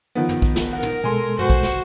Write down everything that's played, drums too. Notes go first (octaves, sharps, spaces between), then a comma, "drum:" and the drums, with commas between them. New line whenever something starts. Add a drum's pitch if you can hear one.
D#3 F3 B3
drum: tom
drum: kick
drum: snare
A#4 F#5
drum: tom
B2 G#3 A4 G#5 C6
F#4 C5, drum: tom
drum: kick
drum: snare